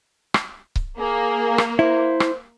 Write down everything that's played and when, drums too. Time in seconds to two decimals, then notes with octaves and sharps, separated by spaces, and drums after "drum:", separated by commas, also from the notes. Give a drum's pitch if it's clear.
0.34 drum: rim click
0.76 drum: kick C#1
0.99 A#3 G#4
1.58 drum: rim click
1.79 E4 C5
2.20 drum: rim click